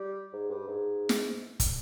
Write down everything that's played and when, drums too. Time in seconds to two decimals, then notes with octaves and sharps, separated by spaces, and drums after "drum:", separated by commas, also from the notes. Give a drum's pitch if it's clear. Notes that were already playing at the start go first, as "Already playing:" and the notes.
Already playing: G3
0.33 G#2
0.50 G2
0.68 G#2
1.09 drum: snare
1.60 drum: kick, hi-hat